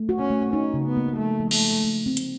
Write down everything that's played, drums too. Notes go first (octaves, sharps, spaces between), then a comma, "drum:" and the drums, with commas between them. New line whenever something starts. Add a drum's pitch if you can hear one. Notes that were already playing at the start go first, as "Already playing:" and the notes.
Already playing: A3
F#4
C#4
A3
C#4 D#4
C#3
B3
A#3
F3 A3
F3
A3, drum: cymbal
G#3
A3
C4
drum: hi-hat